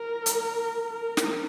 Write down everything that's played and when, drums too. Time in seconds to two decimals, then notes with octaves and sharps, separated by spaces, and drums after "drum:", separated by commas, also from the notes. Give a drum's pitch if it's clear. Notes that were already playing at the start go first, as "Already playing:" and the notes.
Already playing: A#4
0.26 drum: hi-hat
0.90 A#4
1.17 drum: snare